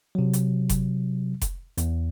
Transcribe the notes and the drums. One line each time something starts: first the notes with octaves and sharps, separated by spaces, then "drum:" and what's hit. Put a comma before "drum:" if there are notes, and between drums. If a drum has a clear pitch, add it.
C3 F#3
drum: hi-hat
drum: kick F1, hi-hat
drum: kick F1, hi-hat
E2, drum: hi-hat